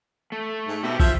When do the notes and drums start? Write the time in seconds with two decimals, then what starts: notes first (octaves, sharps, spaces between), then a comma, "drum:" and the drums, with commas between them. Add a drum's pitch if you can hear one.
0.32 A3
0.68 G#2
0.83 B2 G4 E5
1.00 F3 E5, drum: kick